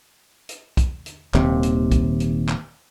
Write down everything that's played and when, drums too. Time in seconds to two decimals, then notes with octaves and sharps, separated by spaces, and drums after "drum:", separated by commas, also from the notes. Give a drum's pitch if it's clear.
0.49 drum: hi-hat
0.77 drum: kick B1, hi-hat
1.06 drum: hi-hat
1.34 D#1 D#2 C3, drum: clap
1.63 drum: hi-hat
1.92 drum: kick B1, hi-hat
2.20 drum: hi-hat
2.49 drum: clap